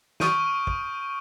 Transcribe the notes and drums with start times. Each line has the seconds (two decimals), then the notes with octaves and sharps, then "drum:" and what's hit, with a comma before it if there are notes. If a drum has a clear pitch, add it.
0.20 C#6 D#6 F6 G6 D7 D#7, drum: snare
0.67 drum: kick